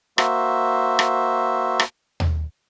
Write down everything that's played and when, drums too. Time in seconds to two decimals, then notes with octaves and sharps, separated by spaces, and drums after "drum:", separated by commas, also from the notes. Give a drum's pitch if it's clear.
0.18 A#3 F#4 C5 E5, drum: rim click
0.99 drum: rim click
1.79 drum: rim click
2.20 drum: tom D#2